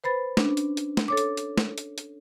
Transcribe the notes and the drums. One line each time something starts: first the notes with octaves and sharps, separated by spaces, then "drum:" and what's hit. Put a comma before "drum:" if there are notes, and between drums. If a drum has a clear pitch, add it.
B4 C5 B5 A6
C#4 D4, drum: snare
drum: hi-hat
drum: hi-hat
drum: snare
A4 C#5 D6
drum: hi-hat
drum: hi-hat
drum: snare
drum: hi-hat
drum: hi-hat